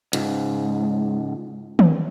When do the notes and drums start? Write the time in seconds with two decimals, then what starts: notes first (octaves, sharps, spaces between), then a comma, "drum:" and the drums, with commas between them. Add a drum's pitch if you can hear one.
0.13 C#2 G#2, drum: hi-hat
1.79 drum: tom D#3